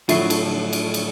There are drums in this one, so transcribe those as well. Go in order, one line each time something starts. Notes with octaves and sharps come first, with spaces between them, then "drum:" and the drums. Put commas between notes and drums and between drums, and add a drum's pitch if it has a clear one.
A2 D3 F3 F#3 F4 E5 C7, drum: cymbal
drum: cymbal
drum: cymbal
drum: cymbal